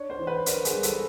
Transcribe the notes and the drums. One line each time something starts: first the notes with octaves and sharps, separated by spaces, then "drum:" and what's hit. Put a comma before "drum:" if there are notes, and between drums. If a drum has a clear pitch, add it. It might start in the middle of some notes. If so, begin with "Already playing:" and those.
Already playing: D4 C#5
C5
E3
B4
D4 A#4, drum: hi-hat
G#4, drum: hi-hat
G3
A4, drum: hi-hat